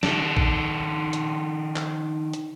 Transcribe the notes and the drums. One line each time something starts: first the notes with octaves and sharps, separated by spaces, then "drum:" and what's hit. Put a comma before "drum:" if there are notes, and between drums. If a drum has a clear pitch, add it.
D#3 D4, drum: snare
drum: kick A#1
drum: hi-hat
drum: clap
drum: hi-hat